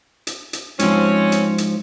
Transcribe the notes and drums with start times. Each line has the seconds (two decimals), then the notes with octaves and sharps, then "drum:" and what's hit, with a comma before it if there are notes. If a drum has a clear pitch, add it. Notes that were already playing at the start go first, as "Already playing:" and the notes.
0.27 drum: hi-hat
0.53 drum: hi-hat
0.79 G#2 F3 C4 C#4, drum: hi-hat
1.32 drum: hi-hat
1.58 drum: hi-hat